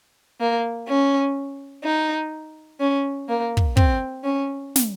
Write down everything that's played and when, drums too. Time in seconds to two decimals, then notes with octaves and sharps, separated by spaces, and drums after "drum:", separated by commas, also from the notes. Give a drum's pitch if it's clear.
0.41 A#3
0.88 C#4
1.84 D#4
2.80 C#4
3.29 A#3
3.57 drum: kick
3.77 C4, drum: kick
4.24 C#4
4.76 drum: snare